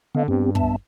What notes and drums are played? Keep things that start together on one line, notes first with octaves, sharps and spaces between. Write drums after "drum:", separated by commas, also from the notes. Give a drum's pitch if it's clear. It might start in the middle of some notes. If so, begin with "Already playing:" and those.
D3 B3 D#5 F5
G2 B3 C4 G4
B3 E5 A5, drum: kick